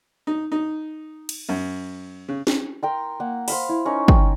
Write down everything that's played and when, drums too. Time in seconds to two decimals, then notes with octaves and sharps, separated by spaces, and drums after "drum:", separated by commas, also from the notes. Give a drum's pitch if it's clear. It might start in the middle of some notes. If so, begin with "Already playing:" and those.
0.27 D#4
0.52 D#4
1.29 drum: cymbal
1.49 F#2
2.28 C#3
2.47 drum: snare
2.83 A#4 G5 C6
3.20 A#3 F#5
3.48 C5 F5 B5, drum: open hi-hat
3.69 E4
3.86 C#4 D#4 A#4
4.08 G5, drum: kick